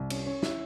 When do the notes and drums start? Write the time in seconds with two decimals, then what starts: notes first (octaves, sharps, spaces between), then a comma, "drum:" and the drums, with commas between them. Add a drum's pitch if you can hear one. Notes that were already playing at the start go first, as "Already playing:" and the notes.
Already playing: C2
0.10 C#4, drum: cymbal
0.26 C#4
0.42 E4, drum: snare